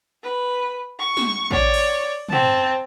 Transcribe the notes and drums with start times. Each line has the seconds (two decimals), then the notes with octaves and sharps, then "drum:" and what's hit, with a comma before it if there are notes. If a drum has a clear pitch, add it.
0.23 B4
0.99 C#6
1.17 drum: snare
1.51 C#5 D5, drum: kick
1.74 drum: cymbal
2.29 C4 A5, drum: tom